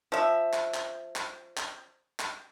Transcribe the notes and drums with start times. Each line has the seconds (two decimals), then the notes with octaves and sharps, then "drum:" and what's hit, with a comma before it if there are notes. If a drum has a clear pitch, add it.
0.12 F3 E5
0.53 drum: clap
0.74 drum: clap
1.16 drum: clap
1.57 drum: clap
2.20 drum: clap